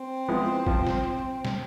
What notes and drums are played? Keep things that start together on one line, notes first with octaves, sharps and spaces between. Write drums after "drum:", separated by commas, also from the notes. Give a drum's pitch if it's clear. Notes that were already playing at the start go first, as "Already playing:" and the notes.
Already playing: C4
F3 G#3 B3 E4
F3, drum: kick A1
drum: snare
drum: snare